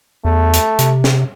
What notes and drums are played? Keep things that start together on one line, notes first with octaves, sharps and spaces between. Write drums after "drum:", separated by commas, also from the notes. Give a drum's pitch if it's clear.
E2 A3
drum: hi-hat
C3, drum: hi-hat
drum: snare